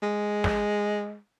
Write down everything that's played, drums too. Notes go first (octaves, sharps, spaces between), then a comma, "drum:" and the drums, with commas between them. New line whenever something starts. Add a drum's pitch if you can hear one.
G#3
drum: snare